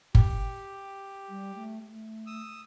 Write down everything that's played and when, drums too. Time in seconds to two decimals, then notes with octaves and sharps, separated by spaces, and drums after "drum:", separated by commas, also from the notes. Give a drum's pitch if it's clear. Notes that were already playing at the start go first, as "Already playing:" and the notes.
0.15 G4, drum: kick G1
1.29 G3
1.56 A3
1.88 A3
2.27 D#6 E6